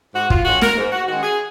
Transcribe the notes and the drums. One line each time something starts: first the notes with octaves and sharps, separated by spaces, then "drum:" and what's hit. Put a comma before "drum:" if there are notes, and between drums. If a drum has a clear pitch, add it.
G#2 F#4
F4, drum: kick
D#3 G#3 C#4 F#4
A#4, drum: snare
G#2
F#4
D#3 G#3 C#4 F#4
G#4